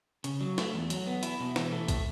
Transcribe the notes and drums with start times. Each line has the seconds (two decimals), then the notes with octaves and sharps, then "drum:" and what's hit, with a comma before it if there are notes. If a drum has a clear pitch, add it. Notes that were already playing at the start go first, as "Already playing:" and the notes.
0.24 C#3, drum: hi-hat
0.41 F#3
0.58 A3, drum: snare
0.74 E2
0.90 F#3, drum: hi-hat
1.07 B3
1.23 E4, drum: hi-hat
1.40 B2
1.56 E3, drum: snare
1.72 A3
1.88 A2, drum: kick A#1, hi-hat